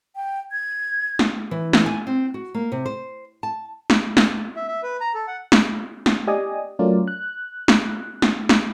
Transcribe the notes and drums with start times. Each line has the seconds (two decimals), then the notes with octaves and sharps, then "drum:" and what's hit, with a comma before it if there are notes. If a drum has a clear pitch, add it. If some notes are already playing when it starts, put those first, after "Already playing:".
0.16 G5
0.52 G#6
1.19 drum: snare
1.51 E3
1.73 drum: snare
1.86 G#5
2.07 C4
2.34 F#4
2.55 A#3
2.72 C3
2.86 C5
3.43 A5
3.90 drum: snare
4.17 drum: snare
4.56 E5
4.68 E5
4.83 B4
5.01 A#5
5.14 A4
5.27 F#5
5.52 drum: snare
6.06 drum: snare
6.27 G4 D5 D#5 G#5 D#6
6.79 F#3 A3 C#4 F4 A#4 D5
7.08 F#6
7.68 drum: snare
8.22 drum: snare
8.49 drum: snare